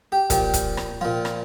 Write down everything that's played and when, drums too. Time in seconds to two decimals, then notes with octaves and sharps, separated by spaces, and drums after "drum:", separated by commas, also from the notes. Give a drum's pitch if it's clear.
0.12 G4
0.30 A#2 F3 G4, drum: kick, hi-hat
0.54 drum: kick, hi-hat
0.77 drum: rim click
1.01 A#2 F3 F4
1.25 drum: rim click